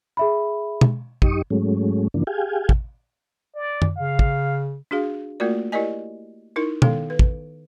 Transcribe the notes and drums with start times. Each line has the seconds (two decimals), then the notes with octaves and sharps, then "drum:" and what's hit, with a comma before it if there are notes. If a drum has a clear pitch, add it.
0.17 G#4 E5 B5
0.81 drum: tom B2
1.22 F#2 D#4 G4 C#6 D#6, drum: kick
1.50 G#2 F#3 G#3 A3 C#4
2.14 G2 C#3 E3 F3 A#3 D4
2.27 G4 G#4 F5 G5 G#5
2.69 drum: kick
3.55 D5
3.82 drum: tom F#2
3.96 C#3 F5
4.19 drum: kick
4.91 D4 F#4 G#4 F5
5.40 A3 A#3 F4 F#4 A#4 D5
5.72 E4 G4 A#4 D5 D#5 G#5
6.56 D#4 E4 A#4 C#6
6.82 D#3 B3 A4 F5, drum: tom B2
7.10 B4
7.19 drum: kick